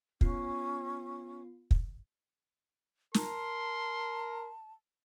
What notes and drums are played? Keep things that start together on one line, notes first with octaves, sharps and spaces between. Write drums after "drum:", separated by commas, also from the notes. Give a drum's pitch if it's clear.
B3 C#4 F4 C7, drum: kick
drum: kick
A#4 A5 C6, drum: snare